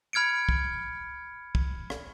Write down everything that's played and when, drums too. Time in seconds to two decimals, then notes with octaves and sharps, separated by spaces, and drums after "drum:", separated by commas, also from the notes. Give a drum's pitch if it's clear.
0.13 B5 F6 G#6 C#7 D7
0.49 drum: kick
1.55 drum: kick
1.90 drum: rim click